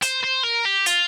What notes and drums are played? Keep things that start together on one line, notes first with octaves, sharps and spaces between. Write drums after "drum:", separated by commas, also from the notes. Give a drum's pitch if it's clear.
C5, drum: hi-hat
C5
A#4
G4
F4, drum: hi-hat